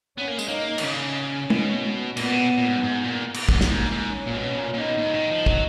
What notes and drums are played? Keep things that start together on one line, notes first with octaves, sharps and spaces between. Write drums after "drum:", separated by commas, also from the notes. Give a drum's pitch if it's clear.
B3 C#4
A#3
G#3, drum: tambourine
A#3 D#4
D#3, drum: cymbal
C#3 C#4
B2, drum: tom G#3
A#2 B3, drum: cymbal
B2
A#2
G#2
F#2
G#2
A#2
drum: cymbal
F#2 A#3, drum: kick
drum: snare
G#2
G#2
C#4
A#2
B2
C#4
A#2
A#2
B2 D#4
G#2
C#3
D#3
F3
F#3, drum: kick